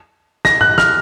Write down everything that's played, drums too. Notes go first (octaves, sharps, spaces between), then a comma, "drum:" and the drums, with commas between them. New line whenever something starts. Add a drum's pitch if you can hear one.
A#6, drum: snare
F#6, drum: tom G#2
F6, drum: snare